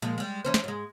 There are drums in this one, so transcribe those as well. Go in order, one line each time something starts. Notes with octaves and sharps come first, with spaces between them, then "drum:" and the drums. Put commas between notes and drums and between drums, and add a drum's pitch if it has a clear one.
A#2 F3 G#3
G3 G#3
E3 C#4 C5
drum: snare
G#2 G#3